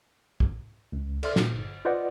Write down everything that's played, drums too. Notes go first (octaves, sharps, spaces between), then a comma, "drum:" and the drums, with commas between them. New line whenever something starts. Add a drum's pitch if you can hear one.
drum: kick
C#2
A4 D5 E5 C6 F6, drum: cymbal
A#2 D#4, drum: snare
G1
F4 B4 C5 D5 D#5 F#5